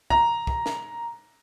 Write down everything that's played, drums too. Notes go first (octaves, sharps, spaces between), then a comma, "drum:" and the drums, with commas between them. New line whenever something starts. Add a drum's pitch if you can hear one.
A#5, drum: kick
drum: kick
drum: snare